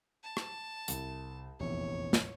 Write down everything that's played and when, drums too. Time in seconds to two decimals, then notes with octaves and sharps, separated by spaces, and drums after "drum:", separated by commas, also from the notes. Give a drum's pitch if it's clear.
0.23 A5
0.37 drum: rim click
0.88 C2, drum: hi-hat
1.60 F1 A#1 E2 C#5
2.13 drum: snare